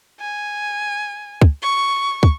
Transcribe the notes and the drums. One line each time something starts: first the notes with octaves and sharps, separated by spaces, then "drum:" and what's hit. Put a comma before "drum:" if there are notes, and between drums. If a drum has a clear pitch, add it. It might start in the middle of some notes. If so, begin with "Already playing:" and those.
G#5
drum: kick
C#6
drum: kick